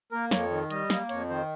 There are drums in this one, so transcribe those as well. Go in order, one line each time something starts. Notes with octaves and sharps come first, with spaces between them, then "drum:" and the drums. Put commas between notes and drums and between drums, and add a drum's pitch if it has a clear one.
A#3 A#4
F2 C#5, drum: snare
D#3
G3 D#5, drum: hi-hat
A#3, drum: snare
F2 C#5, drum: hi-hat
D#3 C5